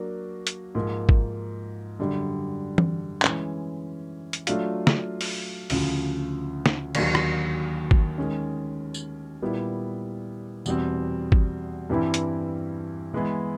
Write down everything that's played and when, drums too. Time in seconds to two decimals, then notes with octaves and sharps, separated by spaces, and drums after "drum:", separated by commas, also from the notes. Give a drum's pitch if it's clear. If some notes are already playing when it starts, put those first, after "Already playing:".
Already playing: F#3 A#3 D4 F#4
0.47 drum: hi-hat
0.75 G#2 F3 A#3
1.09 drum: kick
1.99 F#2 D3 G3
2.78 drum: tom E3
3.22 E3 G#3 C#4, drum: clap
4.33 drum: hi-hat
4.47 F#3 A3 D4 F4, drum: hi-hat
4.87 drum: snare
5.21 drum: open hi-hat
5.70 D2 C#3 F3, drum: open hi-hat
6.66 drum: snare
6.95 D#2 D3 F#3, drum: cymbal
7.15 drum: rim click
7.91 drum: kick
8.18 D#3 G#3 C#4
8.94 drum: tambourine
9.42 A#2 G3 B3 E4
10.66 E2 B2 G3 C4, drum: tambourine
11.32 drum: kick
11.90 G2 E3 G3 C4 E4
12.14 drum: hi-hat
13.14 E3 G#3 B3 E4